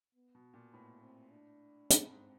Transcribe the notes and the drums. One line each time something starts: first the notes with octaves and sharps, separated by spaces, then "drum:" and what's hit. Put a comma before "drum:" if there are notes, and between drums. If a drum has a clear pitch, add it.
B3
B2
A#2
A2 B3
C4
D4
G2 C4, drum: hi-hat
G#2